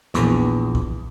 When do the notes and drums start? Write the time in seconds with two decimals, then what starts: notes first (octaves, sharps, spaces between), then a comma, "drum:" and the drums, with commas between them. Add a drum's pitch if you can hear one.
0.14 A#1 E2, drum: snare
0.75 drum: kick